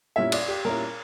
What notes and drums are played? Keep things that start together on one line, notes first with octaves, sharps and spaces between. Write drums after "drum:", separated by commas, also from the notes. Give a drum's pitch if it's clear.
A#2 G3 C#4 E4 E5
D5, drum: cymbal
G4
A#2 G3 C#4 E4 A#4